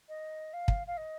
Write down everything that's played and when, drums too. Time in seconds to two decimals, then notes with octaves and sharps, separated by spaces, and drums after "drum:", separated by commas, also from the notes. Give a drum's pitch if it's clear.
0.09 D#5
0.53 F5
0.68 drum: kick
0.87 F5
0.97 D#5